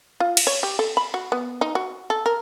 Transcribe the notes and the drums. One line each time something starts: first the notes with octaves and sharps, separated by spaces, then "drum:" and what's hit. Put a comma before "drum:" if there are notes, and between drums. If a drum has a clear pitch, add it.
F4
drum: cymbal
C#5
G4
A4
B5
F#4
B3
D#4
F#4
A4
A#4